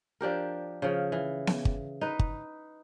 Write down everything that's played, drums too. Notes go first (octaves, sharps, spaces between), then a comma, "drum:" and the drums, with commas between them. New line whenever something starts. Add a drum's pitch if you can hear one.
F3 D4 G4 A#4
C#3 F3
E3
drum: snare B3
drum: kick G1
D#4 B4
drum: kick G1